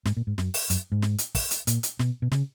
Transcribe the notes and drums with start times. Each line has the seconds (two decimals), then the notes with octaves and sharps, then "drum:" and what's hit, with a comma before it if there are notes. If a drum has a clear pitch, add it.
0.05 G#2, drum: snare
0.17 A#2
0.27 G#2
0.38 F#2, drum: snare
0.54 drum: open hi-hat
0.70 F#2, drum: hi-hat
0.92 G#2
1.02 drum: snare
1.18 drum: hi-hat
1.35 drum: kick, open hi-hat
1.51 drum: hi-hat
1.67 A#2, drum: hi-hat
1.83 drum: hi-hat
1.99 B2, drum: snare
2.22 B2
2.32 C#3, drum: snare